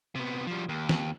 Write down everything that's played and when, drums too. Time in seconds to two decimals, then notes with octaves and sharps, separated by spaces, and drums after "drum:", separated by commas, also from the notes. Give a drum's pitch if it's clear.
0.15 C3 B3
0.47 F3 G3
0.69 D#2
0.89 drum: snare